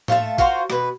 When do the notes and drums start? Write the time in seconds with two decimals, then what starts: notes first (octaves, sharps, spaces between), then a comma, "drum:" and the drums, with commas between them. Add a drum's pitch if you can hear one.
0.08 A3 F4 A4 E5, drum: tom A2
0.38 F4 F#4 A#4 C5, drum: kick A1
0.70 B2 B4, drum: rim click